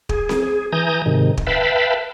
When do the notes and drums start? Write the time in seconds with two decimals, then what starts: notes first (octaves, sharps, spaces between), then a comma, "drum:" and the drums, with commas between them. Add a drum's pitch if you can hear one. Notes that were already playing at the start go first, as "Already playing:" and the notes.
0.09 G#4, drum: kick
0.29 drum: snare C4
0.72 E3 G#5 A#5 D#6 G6
1.06 G#2 C3 D#3
1.37 drum: kick
1.47 B4 E5 F5 G5 A5 B5